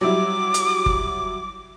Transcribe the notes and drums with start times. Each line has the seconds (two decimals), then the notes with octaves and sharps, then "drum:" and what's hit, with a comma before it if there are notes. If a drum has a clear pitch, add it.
0.01 F#3 G3 E4 D6
0.54 drum: hi-hat
0.86 drum: kick G1